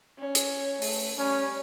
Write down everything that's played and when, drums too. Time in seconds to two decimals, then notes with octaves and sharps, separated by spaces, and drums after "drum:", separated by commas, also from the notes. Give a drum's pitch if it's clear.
0.18 C#4
0.35 drum: hi-hat
0.82 A3, drum: open hi-hat
1.18 G3 C#4